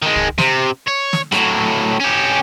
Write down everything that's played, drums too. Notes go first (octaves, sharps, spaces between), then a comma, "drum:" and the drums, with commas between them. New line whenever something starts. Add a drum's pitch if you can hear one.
D#3 G#3
drum: kick
C3, drum: snare
C#5
drum: snare
A2 F#3, drum: rim click
C#4 G4